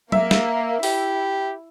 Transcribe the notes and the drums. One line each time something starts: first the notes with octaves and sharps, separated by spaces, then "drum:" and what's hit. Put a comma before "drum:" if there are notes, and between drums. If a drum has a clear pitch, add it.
A#3 E5, drum: tom F#3
drum: snare
E4 G4, drum: open hi-hat